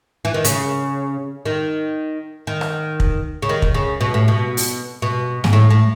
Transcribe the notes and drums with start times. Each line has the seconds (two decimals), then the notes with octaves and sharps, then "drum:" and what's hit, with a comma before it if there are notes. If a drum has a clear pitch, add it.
0.25 E3
0.34 D#3
0.44 C#3, drum: hi-hat
1.45 D#3
2.47 D#3
2.61 drum: rim click
3.00 drum: kick
3.42 C#3
3.49 D#3
3.62 drum: kick
3.74 C#3
4.01 B2
4.14 A2
4.28 B2
4.57 drum: open hi-hat
5.02 B2
5.44 G#2, drum: snare
5.53 A2
5.70 A2